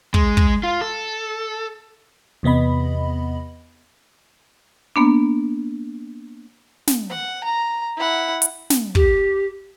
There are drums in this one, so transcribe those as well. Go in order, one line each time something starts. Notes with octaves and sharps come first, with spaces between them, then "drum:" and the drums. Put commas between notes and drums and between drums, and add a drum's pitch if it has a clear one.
G#3, drum: kick
drum: kick
F4
A4
E2 C3 B3 D#5 B5
A#3 B3 D4
drum: snare
F#5
A#5
E4 F#5
drum: hi-hat
drum: snare
G4, drum: kick